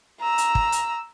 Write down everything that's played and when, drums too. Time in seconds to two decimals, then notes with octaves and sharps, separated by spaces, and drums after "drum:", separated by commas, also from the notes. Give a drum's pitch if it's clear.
0.21 A#5 E6
0.38 drum: hi-hat
0.55 drum: kick
0.72 drum: hi-hat